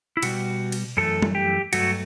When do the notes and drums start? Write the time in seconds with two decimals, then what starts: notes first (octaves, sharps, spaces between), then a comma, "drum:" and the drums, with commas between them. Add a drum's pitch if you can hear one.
0.17 E4
0.23 B2 G3 F#4, drum: cymbal
0.72 drum: cymbal
0.97 F#2 E3 A3 A4
1.22 drum: tom G3
1.35 G4
1.73 G2 F#3 A3 F#4, drum: cymbal